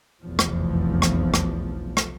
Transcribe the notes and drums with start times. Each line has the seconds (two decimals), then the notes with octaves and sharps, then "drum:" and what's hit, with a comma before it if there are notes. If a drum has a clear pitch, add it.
0.23 F1 B1 E2 F3
0.39 drum: rim click
1.02 drum: rim click
1.34 drum: rim click
1.97 drum: rim click